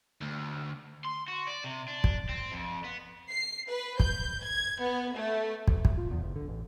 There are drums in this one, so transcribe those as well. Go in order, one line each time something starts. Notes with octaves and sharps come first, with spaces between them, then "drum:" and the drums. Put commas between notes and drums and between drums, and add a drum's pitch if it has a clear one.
D2
C6
F#4
D5
C3
D4
drum: kick
C4
F2
B3
C7
B4
G6, drum: kick
G#6
B3
A3
D2, drum: kick
D2, drum: kick
F4
E2
F#1
D3
A1